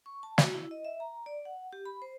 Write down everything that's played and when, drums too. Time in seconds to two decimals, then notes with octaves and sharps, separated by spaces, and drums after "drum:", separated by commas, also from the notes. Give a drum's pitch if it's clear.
0.06 C#6
0.23 A5
0.38 F#4, drum: snare
0.54 E4
0.71 D#5
0.85 E5
1.00 A#5
1.26 D5
1.45 F#5
1.73 G4
1.85 B5
2.02 C5